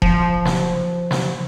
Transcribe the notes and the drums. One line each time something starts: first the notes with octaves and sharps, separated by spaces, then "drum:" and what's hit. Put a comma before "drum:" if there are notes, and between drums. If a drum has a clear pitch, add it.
F3, drum: kick E1
drum: snare
drum: snare